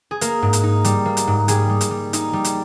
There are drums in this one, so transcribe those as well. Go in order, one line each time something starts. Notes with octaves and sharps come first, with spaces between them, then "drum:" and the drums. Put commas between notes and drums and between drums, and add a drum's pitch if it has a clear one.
G#4
A#3 A#4, drum: hi-hat
G#2
drum: hi-hat
D#4
G3, drum: hi-hat
A#3
drum: hi-hat
G#2
G3 G#4, drum: hi-hat
G3
drum: hi-hat
G3
D#4, drum: hi-hat
G3
drum: hi-hat